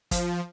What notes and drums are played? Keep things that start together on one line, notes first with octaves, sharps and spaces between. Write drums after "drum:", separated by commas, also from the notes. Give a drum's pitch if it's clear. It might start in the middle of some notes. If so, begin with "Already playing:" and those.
F3, drum: kick, hi-hat